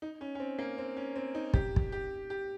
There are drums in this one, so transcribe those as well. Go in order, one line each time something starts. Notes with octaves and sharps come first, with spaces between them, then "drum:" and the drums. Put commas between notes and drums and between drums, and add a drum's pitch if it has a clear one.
D#4
C#4
C#4
C4
A#3
C4
C#4
C4
D#4
G4, drum: kick
drum: kick
G4
G4